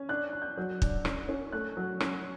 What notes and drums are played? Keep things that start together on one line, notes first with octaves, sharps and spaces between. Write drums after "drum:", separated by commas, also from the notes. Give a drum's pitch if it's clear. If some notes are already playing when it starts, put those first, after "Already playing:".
Already playing: C#4
D4 F#6
D4
G6
F#3
D4, drum: kick
C#4, drum: rim click
C#4
A3 F#6
F#3
C#4, drum: rim click